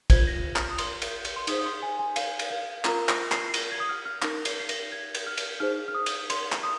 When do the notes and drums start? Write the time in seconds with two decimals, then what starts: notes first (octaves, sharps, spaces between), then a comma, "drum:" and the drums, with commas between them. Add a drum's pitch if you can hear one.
0.10 F4 C5 G#6, drum: kick, cymbal
0.27 A#6
0.56 drum: clap
0.71 D#6
0.78 C6, drum: cymbal
1.02 drum: cymbal
1.25 drum: cymbal
1.36 C6
1.47 D#4 G#4 C5 D#6, drum: cymbal
1.59 D#6
1.65 C6
1.83 G#5
1.99 G#5
2.16 F5, drum: cymbal
2.39 drum: cymbal
2.50 F5
2.85 F4 A#4 A#5, drum: clap
3.09 A#6, drum: clap
3.32 C7, drum: clap
3.49 C7
3.54 A#6, drum: cymbal
3.72 G#6
3.80 D#6
3.89 F6
4.05 F6
4.22 D#4 A#4 A#6, drum: clap
4.45 C7, drum: cymbal
4.60 C7
4.69 A#6, drum: cymbal
4.92 G#6
5.15 drum: cymbal
5.27 F6
5.37 drum: cymbal
5.60 D#4 G#4 C5 F6
5.88 F6
5.95 D#6
6.06 drum: cymbal
6.30 C6, drum: cymbal
6.52 drum: clap
6.63 D#6